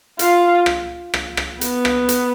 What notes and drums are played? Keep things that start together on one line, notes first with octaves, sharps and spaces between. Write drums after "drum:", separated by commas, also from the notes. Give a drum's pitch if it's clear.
F4, drum: hi-hat
drum: rim click
drum: rim click
drum: rim click
B3, drum: hi-hat
drum: rim click
drum: hi-hat